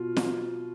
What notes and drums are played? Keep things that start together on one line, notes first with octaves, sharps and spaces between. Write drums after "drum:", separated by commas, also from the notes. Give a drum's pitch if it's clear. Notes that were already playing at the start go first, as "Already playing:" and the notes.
Already playing: B2 F4
drum: snare